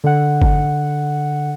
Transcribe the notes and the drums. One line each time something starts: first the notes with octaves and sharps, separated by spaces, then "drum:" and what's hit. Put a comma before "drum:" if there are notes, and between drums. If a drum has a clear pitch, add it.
D3 F#5
drum: kick G1